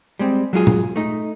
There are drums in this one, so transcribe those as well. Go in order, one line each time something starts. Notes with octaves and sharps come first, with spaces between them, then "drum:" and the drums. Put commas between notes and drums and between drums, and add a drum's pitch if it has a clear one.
G3 G#3 C4
F#3 G#3 F4 G#4
drum: tom A#2
A3 D#4